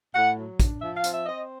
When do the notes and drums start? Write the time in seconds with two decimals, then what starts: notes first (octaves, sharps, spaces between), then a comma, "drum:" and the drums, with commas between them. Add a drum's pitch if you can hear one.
0.15 A2 F#5
0.37 F#3
0.60 D4, drum: kick, hi-hat
0.81 F3 E5
0.97 F5
1.04 C4, drum: hi-hat
1.11 E5
1.26 C4 D#5